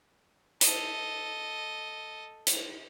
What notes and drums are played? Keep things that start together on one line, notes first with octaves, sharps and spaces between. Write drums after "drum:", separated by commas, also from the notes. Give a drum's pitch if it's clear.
A4 D#5, drum: hi-hat
drum: hi-hat